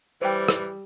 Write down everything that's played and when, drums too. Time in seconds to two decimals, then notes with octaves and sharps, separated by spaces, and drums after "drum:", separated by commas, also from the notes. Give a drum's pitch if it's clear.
0.22 E3 G3 C5 G5
0.48 drum: rim click